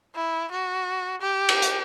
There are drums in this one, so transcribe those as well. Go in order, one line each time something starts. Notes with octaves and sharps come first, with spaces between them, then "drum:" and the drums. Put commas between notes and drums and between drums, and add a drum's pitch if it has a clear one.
E4
F#4
G4
drum: cymbal
drum: hi-hat